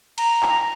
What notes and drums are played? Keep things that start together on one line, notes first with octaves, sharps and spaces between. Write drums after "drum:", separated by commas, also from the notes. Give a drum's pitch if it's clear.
A#5, drum: cymbal
drum: clap